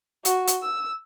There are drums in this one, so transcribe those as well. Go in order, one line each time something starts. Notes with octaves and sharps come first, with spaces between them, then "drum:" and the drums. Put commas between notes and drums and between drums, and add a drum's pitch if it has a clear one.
F#4, drum: hi-hat
drum: hi-hat
E6